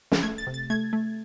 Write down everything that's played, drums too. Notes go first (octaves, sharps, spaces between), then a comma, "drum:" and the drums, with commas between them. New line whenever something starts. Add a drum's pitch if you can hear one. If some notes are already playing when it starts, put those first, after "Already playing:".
drum: snare
A3 G#6
A6
C3
A6
A3 G#6
A3